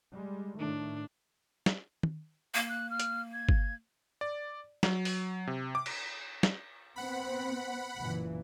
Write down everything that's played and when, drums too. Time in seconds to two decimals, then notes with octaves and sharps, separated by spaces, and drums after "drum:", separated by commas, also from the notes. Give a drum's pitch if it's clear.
0.13 G3 G#3
0.59 A2 D#3 A3 D4
1.66 drum: snare
2.03 drum: tom
2.54 A#3
2.69 F#6
2.90 F6
3.00 drum: hi-hat
3.33 G#6
3.49 drum: kick G1
4.21 D5
4.83 F#3, drum: snare
5.05 drum: open hi-hat
5.47 C3
5.75 D6
5.86 drum: cymbal
6.43 drum: snare
6.96 B3 C4 F#5 B5
7.97 F#1 A#2 E3